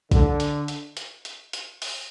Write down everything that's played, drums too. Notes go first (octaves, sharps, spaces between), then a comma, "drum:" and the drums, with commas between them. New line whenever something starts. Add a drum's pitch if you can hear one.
D3, drum: kick B1, hi-hat
drum: hi-hat
drum: hi-hat
drum: hi-hat
drum: hi-hat
drum: hi-hat
drum: open hi-hat